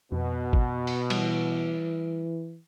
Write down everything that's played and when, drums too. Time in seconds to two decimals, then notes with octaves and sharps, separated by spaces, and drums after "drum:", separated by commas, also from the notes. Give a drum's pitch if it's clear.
0.12 F2 B2
0.53 drum: kick A1
0.87 drum: open hi-hat
1.10 E3 G3, drum: cymbal